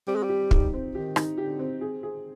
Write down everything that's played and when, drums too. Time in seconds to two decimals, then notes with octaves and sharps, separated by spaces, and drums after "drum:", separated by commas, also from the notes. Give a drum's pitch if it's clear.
0.07 G3 C4
0.16 G#3
0.23 G3
0.29 G4
0.51 D#4, drum: kick
0.73 C4
0.95 D#3 G4
1.16 D#4, drum: rim click
1.38 D3 G4
1.59 C4
1.81 G#4
2.03 G#4